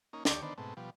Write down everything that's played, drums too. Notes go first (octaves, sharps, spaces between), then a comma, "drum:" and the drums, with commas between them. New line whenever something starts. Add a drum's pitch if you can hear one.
A#3 C#4 D#4
D2 D4 G4 C#5 D6, drum: snare
D3 D#3 B3 D4 C5
G#2 B2 A3 C4
B2 F3 G3